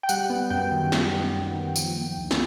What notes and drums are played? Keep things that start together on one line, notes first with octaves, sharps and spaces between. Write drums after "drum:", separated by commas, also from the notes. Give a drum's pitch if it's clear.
G5
G3 F#5, drum: tambourine
B3
F#2 G5
D#3
G3, drum: snare
B3
F#2
D#3
F3, drum: tambourine
A#3
D2
drum: snare